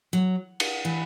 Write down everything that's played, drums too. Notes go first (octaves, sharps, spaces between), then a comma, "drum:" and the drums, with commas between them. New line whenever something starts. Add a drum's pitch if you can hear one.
F#3
drum: cymbal
E3